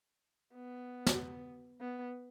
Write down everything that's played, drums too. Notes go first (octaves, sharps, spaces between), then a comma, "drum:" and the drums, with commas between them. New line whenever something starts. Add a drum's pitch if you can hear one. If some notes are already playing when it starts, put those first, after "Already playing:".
B3
drum: snare
B3